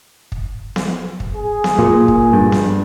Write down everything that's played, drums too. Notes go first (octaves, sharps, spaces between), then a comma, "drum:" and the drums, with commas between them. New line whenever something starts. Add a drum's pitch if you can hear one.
drum: kick
drum: snare B3
drum: kick
G#4
drum: snare B3
A#2
drum: kick
G2
drum: snare B3